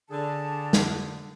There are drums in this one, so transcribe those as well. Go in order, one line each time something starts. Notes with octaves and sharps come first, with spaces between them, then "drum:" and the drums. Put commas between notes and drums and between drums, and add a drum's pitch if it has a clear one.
D3 G#4 A5
drum: snare